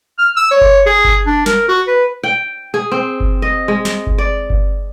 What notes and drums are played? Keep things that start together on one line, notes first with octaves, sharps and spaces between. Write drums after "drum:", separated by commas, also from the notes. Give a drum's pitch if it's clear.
F6
E6
C#5
drum: kick G1
G#4
drum: kick G1
D4
A#4, drum: snare
F#4
B4
G5
G#4
C4
drum: kick G1
D#5
G#3
drum: snare
drum: kick G1
D5
drum: kick G1